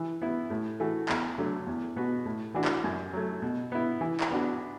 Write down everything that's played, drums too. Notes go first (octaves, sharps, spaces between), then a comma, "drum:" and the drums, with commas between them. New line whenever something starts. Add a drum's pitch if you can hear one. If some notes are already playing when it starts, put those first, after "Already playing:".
Already playing: E3
B3 E4
A2
E3 A3 F#4
E2, drum: clap
D3 F#3 A3
E2
B2 B3 F#4
A2
E3 D4 F#4
drum: clap
F#2
F#3 A3
B2
B3 E4
E3
drum: clap
B3 D4 F#4